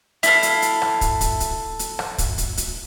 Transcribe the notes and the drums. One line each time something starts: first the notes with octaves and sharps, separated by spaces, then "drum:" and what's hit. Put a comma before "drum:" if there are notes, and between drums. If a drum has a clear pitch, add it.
E4 A4 F5, drum: hi-hat
drum: hi-hat
drum: hi-hat
drum: rim click
drum: kick, hi-hat
drum: kick, hi-hat
drum: hi-hat
drum: hi-hat
drum: rim click
drum: kick, hi-hat
drum: kick, hi-hat
drum: hi-hat